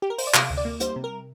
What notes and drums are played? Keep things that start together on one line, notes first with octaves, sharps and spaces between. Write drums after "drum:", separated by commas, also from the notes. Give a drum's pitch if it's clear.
G4
A#4
C5, drum: open hi-hat
D5
C3 F5, drum: clap
D2
D5
A#3
G3 C5, drum: hi-hat
C3
A#4